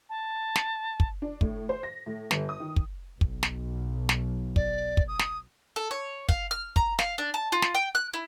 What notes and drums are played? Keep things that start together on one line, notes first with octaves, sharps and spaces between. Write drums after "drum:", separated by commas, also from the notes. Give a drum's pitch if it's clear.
A5
drum: snare
drum: kick
D4
A2, drum: kick
C5
A#6
A2
G1, drum: snare
D#6
D#3
drum: kick
B1, drum: kick
drum: snare
drum: snare
D5, drum: kick
drum: kick
D#6
drum: snare
A4
C#5
F5, drum: kick
F6
A#5, drum: kick
F5, drum: snare
D4
A5
F4
drum: snare
G5
F#6
E4